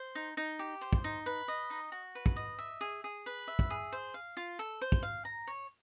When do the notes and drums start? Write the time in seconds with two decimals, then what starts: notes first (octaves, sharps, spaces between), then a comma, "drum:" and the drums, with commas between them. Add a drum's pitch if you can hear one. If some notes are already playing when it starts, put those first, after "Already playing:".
Already playing: C5
0.15 D#4
0.37 D#4
0.59 G4
0.81 C5
0.93 drum: kick
1.04 D#4
1.26 B4
1.48 D#5
1.70 D#4
1.92 F#4
2.15 B4
2.26 drum: kick
2.36 D#5
2.58 E5
2.81 G#4
3.04 G#4
3.26 B4
3.48 E5
3.59 drum: kick
3.70 G#4
3.92 C5
4.14 F5
4.37 F4
4.59 A4
4.81 C5
4.92 drum: kick
5.03 F5
5.25 A#5
5.47 C#5